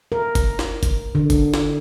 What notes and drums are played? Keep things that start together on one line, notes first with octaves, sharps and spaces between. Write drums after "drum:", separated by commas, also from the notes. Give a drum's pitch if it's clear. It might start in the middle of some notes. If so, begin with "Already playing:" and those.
A#4
drum: kick F#1, hi-hat
drum: snare
drum: kick F#1, hi-hat
D3
drum: kick F#1, hi-hat
drum: snare